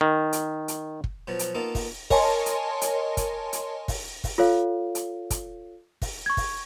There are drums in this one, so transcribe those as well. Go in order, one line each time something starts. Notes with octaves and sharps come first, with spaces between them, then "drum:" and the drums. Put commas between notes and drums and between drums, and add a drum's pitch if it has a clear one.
D#3
drum: hi-hat
drum: hi-hat
drum: kick
B2 F3 F#3 B3
drum: hi-hat
A#3 B3 D#4 F4 A4
drum: kick, open hi-hat
A#4 C#5 D#5 G#5 A5 C6, drum: kick, open hi-hat
drum: hi-hat
drum: hi-hat
drum: kick, hi-hat
drum: hi-hat
drum: kick, open hi-hat
drum: kick, open hi-hat
F4 A4 C#5 F5
drum: hi-hat
drum: kick, hi-hat
drum: kick, open hi-hat
C#6 G#6
drum: kick, open hi-hat